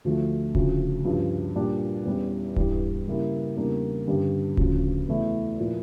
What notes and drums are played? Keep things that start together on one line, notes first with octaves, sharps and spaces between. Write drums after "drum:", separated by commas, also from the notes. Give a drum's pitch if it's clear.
D2 D3 F3 A3
D2 C#3 F3, drum: kick D1
G2 F3 C#4
A#2 G3 D4
E2 E3 G3 C#4
G2 E3 G3, drum: kick D1
C#3 G3 A#3 E4
E2 C#3 G3 A#3 D4
G2 D3 G3 C#4
D2 C#3 F3 C#4, drum: kick D1
E2 E3 A3 E4
A#2 F3 A#3 E4